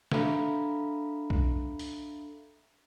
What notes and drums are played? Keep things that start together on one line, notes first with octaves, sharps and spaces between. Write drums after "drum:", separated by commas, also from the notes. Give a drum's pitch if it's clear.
D4 A4 E5 F5 A#5 B5, drum: snare
drum: kick B1
drum: open hi-hat